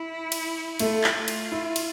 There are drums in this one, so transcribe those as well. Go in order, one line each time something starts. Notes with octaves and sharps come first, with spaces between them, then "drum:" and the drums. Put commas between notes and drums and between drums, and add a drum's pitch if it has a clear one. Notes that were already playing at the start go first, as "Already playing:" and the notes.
Already playing: E4
drum: cymbal
A3 F4, drum: cymbal
drum: clap
drum: cymbal
E4
drum: cymbal